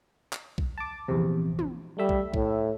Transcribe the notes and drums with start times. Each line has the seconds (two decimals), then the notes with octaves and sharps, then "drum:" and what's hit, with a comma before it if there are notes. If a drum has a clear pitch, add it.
0.33 drum: clap
0.58 drum: kick B1
0.78 A5 D6
1.08 A#1 E2 C3
1.59 drum: tom
1.98 G3 A3 E5
2.09 drum: kick B1
2.34 A2, drum: kick B1